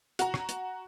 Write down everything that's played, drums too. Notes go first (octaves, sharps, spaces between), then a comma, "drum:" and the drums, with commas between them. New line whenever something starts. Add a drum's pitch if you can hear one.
F#4 A#5, drum: hi-hat
drum: rim click
drum: hi-hat